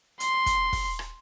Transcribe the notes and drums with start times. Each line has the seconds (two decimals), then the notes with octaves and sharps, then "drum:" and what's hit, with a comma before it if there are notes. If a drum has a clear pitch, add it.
0.20 C6, drum: hi-hat
0.46 drum: kick, hi-hat
0.73 drum: kick, open hi-hat
0.99 drum: rim click